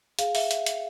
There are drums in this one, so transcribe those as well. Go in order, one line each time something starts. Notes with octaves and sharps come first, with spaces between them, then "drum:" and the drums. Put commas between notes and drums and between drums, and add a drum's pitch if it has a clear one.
G#4 F5, drum: hi-hat
E5, drum: open hi-hat
drum: hi-hat
drum: hi-hat